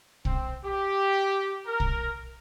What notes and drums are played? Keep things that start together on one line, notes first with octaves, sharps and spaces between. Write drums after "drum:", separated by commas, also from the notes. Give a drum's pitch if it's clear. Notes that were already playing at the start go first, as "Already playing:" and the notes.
C4, drum: kick
G4
A#4
drum: kick